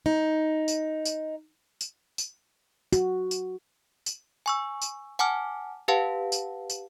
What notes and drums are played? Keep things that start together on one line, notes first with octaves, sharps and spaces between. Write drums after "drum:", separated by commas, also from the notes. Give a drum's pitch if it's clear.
D#4
drum: tambourine
drum: tambourine
drum: tambourine
drum: tambourine
F#4, drum: tambourine
drum: tambourine
drum: tambourine
G#5 C#6 E6
drum: tambourine
F#5 G#5 A5 D6 F6
G4 B4 F5 F#5 A5
drum: tambourine
drum: tambourine